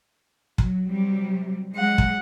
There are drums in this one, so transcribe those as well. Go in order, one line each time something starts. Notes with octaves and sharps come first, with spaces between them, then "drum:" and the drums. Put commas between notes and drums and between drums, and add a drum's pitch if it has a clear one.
F#3, drum: kick
C3 F#3 G3
F#3 G#3 F#5
drum: kick